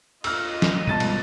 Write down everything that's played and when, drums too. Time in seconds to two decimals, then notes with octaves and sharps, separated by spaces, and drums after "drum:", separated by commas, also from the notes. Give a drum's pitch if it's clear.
0.24 F4 D#5 E6 F6, drum: cymbal
0.62 drum: snare
0.87 B2 G3 G#3 A5 A6 D#7
1.00 drum: cymbal